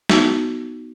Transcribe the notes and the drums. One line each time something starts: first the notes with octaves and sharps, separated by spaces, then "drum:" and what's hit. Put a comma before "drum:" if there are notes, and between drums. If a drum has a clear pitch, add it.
B3 D#4 F#4, drum: snare